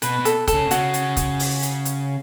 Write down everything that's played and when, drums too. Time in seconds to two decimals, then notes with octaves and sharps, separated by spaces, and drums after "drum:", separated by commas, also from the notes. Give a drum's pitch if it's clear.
0.02 B2 B4, drum: hi-hat
0.19 B2
0.25 A4, drum: hi-hat
0.48 A4, drum: kick, hi-hat
0.53 C#3
0.66 B2
0.71 C#3 F#4, drum: hi-hat
0.94 drum: hi-hat
1.17 drum: kick, hi-hat
1.39 drum: open hi-hat
1.62 drum: hi-hat
1.85 drum: hi-hat